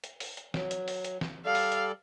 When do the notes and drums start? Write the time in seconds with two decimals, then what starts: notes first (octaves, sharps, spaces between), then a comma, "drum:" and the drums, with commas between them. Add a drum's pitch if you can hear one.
0.04 drum: hi-hat
0.20 drum: open hi-hat
0.37 drum: hi-hat
0.54 F#3, drum: snare
0.71 drum: hi-hat
0.88 drum: open hi-hat
1.05 drum: hi-hat
1.21 drum: snare
1.46 G3 A4 D5 F5
1.55 drum: open hi-hat
1.72 drum: hi-hat